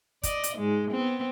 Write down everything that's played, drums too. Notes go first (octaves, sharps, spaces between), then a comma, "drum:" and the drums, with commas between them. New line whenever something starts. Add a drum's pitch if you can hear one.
D5 D#5, drum: kick, hi-hat
drum: hi-hat
G#2 G#3
B3 C4